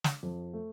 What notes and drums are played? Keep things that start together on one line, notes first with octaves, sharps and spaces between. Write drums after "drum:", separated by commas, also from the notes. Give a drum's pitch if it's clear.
drum: snare
F2
A3